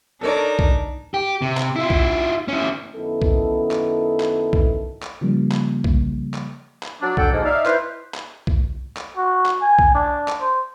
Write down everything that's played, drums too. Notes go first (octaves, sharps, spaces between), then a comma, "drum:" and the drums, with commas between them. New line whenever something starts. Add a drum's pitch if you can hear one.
D4 D#4 A4 A#4 C#5 D5
drum: kick B1
G4
C3
drum: clap
E4 F4
drum: kick B1
C#4 E4
F#2 D#3 B3 E4 A4
drum: kick B1
drum: clap
drum: clap
drum: kick B1
drum: clap
C#3 F3 G3 A#3
drum: clap
drum: kick B1
drum: clap
drum: clap
F#3 D4
D4 A4 F#5 G5, drum: kick B1
G#2 B2 F3 A#3
D#4 D5 E5 F5
E4 B4 C5, drum: clap
drum: clap
drum: kick B1
drum: clap
F#4
drum: clap
G#5
drum: kick B1
D4
drum: clap
C5